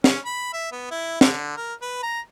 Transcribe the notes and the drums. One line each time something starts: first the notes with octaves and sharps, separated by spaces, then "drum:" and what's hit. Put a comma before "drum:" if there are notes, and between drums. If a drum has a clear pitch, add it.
C#4, drum: snare
B5
E5
B3
E4
D3, drum: snare
A#4
B4
A#5